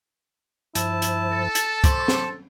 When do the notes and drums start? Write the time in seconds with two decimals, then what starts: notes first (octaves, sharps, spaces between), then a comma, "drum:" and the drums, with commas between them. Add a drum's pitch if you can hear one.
0.75 G2 F3 E4 C5 A5, drum: hi-hat
1.02 drum: hi-hat
1.32 A4
1.55 drum: hi-hat
1.84 C5 B5 C#6 D6, drum: kick, hi-hat
2.08 drum: snare